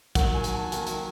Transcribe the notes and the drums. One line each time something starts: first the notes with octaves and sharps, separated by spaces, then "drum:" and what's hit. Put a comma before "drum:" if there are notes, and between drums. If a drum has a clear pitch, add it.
D#3 F#3 A#3 F#5, drum: kick, hi-hat
G#5
drum: hi-hat
A5
G#5
D#3 F#3 A#3 G5, drum: hi-hat
drum: hi-hat